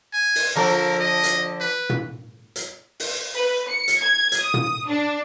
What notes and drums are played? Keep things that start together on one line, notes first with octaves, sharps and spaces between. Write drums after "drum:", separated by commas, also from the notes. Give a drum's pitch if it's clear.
G#5
drum: open hi-hat
D3 F3 A4 A#4
D#5
drum: hi-hat
B4
drum: tom
drum: hi-hat
drum: open hi-hat
B4
C#7
drum: hi-hat
G#6
drum: hi-hat
D#6
drum: tom
D4